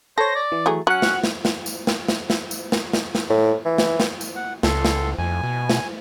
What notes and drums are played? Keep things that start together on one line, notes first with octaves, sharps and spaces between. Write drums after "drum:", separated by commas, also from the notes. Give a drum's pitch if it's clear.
A4 C5 C#5 A#6
D5
E3
F#3 A3 G#4
F#3 C#4 F#5 F#6
drum: snare
drum: snare
drum: snare
drum: tambourine
drum: snare
drum: snare
drum: snare
drum: tambourine
drum: snare
drum: snare
drum: snare
A2
E3
drum: snare
drum: snare
drum: tambourine
F#5
C#2 A4 C6, drum: snare
drum: snare
F2 G#5
B2
drum: snare